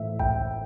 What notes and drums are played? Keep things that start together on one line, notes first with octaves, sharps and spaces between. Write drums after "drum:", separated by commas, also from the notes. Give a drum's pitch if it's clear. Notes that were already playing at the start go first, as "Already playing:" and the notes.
Already playing: A2 E3 A3 E5
G5, drum: kick